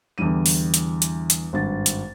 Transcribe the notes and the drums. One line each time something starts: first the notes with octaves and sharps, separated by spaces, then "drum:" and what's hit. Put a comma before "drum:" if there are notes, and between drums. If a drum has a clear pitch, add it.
E2 D3 E3 G3 D#7
drum: open hi-hat
drum: hi-hat
drum: hi-hat
drum: hi-hat
G#1 G2 A6
drum: hi-hat